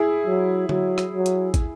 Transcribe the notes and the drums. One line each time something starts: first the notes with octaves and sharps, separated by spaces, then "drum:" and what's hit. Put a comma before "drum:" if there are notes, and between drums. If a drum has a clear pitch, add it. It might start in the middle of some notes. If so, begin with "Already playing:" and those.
Already playing: E4 G#4
F#3
F#3, drum: tom D3
drum: rim click
F#3
drum: hi-hat
drum: kick, hi-hat